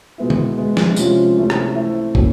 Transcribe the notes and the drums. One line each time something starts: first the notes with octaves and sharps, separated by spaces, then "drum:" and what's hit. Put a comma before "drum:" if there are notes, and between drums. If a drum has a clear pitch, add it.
B2 G#3 B3 E4
drum: tom D3
G#3 B3 E4
drum: snare
C3 F3 G#3 C#4 F4, drum: tambourine
C3 E3 A3 C#4
drum: rim click
A3 C4 E4
A#3 C#4 F#4, drum: kick